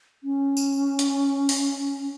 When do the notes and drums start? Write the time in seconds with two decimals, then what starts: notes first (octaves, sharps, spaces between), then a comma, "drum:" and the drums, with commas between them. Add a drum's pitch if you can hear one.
0.24 C#4
0.57 drum: tambourine
0.99 drum: hi-hat
1.49 drum: open hi-hat